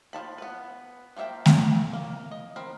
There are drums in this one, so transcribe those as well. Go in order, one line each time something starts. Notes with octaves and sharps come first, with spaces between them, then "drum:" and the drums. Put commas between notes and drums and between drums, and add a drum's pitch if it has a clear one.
F3 F#3 A5 B5
B3 B4
F3 A#3 B3 E5 G5
drum: snare A3
A#3
D#5
C4 A#4 B5